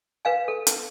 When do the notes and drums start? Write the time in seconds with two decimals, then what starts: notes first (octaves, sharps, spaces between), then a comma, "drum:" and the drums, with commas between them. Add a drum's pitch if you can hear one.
0.25 B4 F5 G#5
0.48 A4
0.67 drum: hi-hat